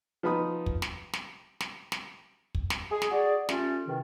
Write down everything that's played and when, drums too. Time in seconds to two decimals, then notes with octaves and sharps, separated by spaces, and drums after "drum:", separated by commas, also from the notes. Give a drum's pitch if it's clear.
0.23 F3 B3 D#4 B5 D#6
0.66 drum: kick
0.82 drum: snare
1.13 drum: snare
1.60 drum: snare
1.92 drum: snare
2.55 drum: kick
2.70 drum: snare
2.92 G#4
3.02 drum: snare
3.12 F#4 G#4 D5
3.49 A3 C#4 F4 G4, drum: snare
3.87 E2 C3 D#3